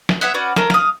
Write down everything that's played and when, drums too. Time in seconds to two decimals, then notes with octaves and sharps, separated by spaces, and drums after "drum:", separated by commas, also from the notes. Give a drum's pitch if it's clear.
0.09 drum: snare
0.21 B3 C#5 E5 F#5, drum: hi-hat
0.34 C#4 F#4 B4 D5
0.56 C#4 A4 A#4, drum: snare
0.70 F5 D#6, drum: snare